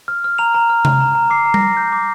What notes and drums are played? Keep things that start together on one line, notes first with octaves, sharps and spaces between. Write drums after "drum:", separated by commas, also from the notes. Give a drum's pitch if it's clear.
F6
F6
A#5 F7
A#5
F6
F6, drum: tom C3
A#5
A#5
D6 C7
A#5
A#6, drum: tom G3
A#5
G6
D6